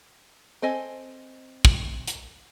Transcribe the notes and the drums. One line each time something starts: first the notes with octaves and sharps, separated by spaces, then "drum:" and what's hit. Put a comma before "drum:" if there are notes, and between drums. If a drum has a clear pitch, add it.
C4 A4 D#5 G#5
drum: kick
drum: hi-hat